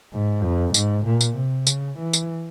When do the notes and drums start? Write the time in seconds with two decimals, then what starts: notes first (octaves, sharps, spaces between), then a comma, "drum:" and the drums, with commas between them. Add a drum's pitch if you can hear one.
0.13 G#2
0.43 F2
0.74 G#2, drum: tambourine
1.06 A#2
1.21 drum: tambourine
1.36 C3
1.67 C#3, drum: tambourine
1.98 E3
2.13 drum: tambourine